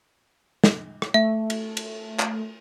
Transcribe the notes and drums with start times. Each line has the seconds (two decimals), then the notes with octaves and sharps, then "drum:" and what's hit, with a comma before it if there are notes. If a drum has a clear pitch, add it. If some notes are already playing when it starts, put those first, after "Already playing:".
0.64 drum: snare
1.02 drum: rim click
1.14 A3 E5
1.50 drum: cymbal
1.77 drum: cymbal
2.19 drum: clap